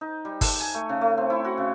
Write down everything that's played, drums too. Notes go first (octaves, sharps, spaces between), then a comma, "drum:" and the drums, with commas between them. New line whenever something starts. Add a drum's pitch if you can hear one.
D#4
G3
A4, drum: kick G1, open hi-hat
G#5
A3
C#3
A3
C4
E4
F#4
C#3